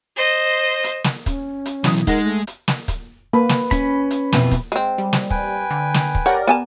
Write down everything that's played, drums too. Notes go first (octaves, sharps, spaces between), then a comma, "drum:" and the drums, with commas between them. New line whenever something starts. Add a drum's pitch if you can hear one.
C5 D#5
drum: hi-hat
drum: snare
C#4, drum: kick, hi-hat
drum: hi-hat
B1 E3 F#3 E4 D#6, drum: snare
G#3 D#4 A#4 F#5 A#6, drum: kick, hi-hat
A3
drum: hi-hat
drum: snare
drum: kick, hi-hat
A#3 B4
drum: snare
C#4 B5, drum: kick, hi-hat
drum: hi-hat
F2 B2 E3, drum: snare
drum: kick, hi-hat
G#3 C4
G3
drum: snare
B4 G5 G#5, drum: kick
D3
drum: snare
drum: kick
G4 A#4 C#5 D5 F#5
B3 G#5 A5